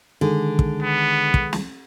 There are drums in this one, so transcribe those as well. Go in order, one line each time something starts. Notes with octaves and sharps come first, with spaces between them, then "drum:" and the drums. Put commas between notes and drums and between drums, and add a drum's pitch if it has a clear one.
D3 D#3 G#3 G#4
drum: kick
B3
drum: kick
drum: snare